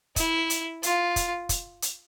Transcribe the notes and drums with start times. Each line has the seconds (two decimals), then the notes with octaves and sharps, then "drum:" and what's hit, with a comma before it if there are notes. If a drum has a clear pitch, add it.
0.16 E4, drum: kick, hi-hat
0.50 drum: hi-hat
0.83 F4, drum: hi-hat
1.16 drum: kick, hi-hat
1.49 drum: kick, hi-hat
1.82 drum: hi-hat